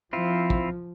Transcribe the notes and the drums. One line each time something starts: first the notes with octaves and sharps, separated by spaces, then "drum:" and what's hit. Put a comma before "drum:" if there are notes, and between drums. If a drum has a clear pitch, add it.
F3 C4 E4 F4
drum: kick